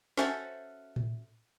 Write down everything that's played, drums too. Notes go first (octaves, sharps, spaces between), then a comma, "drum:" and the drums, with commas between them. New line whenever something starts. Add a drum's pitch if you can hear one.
C#4 F#4 A4 C5 E5, drum: snare
drum: tom A2